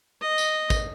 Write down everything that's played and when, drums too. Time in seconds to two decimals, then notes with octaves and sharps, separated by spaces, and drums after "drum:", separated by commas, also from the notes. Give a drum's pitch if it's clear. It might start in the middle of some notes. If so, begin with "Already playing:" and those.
0.22 D#5
0.38 drum: tambourine
0.70 drum: kick, tambourine